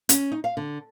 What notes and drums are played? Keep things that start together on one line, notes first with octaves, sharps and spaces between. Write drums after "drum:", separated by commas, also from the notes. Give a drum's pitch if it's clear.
C#4, drum: hi-hat
D#4
F5
D3